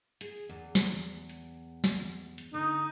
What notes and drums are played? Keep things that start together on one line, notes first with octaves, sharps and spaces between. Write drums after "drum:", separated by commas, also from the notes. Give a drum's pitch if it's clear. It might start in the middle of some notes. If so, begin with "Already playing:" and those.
G#4, drum: hi-hat
E2
drum: snare
drum: hi-hat
drum: snare
drum: hi-hat
D3 D#4